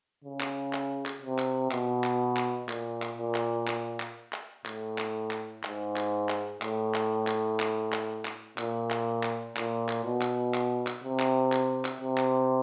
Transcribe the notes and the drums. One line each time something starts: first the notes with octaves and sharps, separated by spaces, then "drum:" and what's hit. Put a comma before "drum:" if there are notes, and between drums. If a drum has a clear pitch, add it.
C#3
drum: clap
drum: clap
drum: clap
C3
drum: clap
B2, drum: clap
drum: clap
drum: clap
A#2, drum: clap
drum: clap
A#2
drum: clap
drum: clap
drum: clap
drum: clap
A2, drum: clap
drum: clap
drum: clap
G#2, drum: clap
drum: clap
drum: clap
A2, drum: clap
drum: clap
drum: clap
drum: clap
drum: clap
drum: clap
A#2, drum: clap
drum: clap
drum: clap
A#2, drum: clap
drum: clap
B2
drum: clap
drum: clap
drum: clap
C3
drum: clap
drum: clap
drum: clap
C3
drum: clap